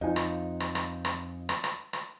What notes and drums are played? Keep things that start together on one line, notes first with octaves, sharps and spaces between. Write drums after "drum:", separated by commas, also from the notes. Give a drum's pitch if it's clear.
F2 D#4 F4 G#5
drum: rim click
drum: rim click
drum: rim click
drum: rim click
drum: rim click
drum: rim click
drum: rim click